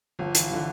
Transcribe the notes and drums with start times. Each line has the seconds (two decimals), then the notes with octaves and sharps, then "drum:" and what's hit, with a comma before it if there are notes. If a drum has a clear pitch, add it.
0.19 G1 F3
0.35 E3, drum: hi-hat
0.50 D3 F3